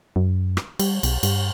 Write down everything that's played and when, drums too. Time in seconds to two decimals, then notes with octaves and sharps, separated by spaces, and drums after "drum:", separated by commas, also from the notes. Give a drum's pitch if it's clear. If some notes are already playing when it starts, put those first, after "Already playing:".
0.16 F#2
0.57 drum: rim click
0.79 G3, drum: cymbal
1.03 B1, drum: cymbal
1.23 G2, drum: cymbal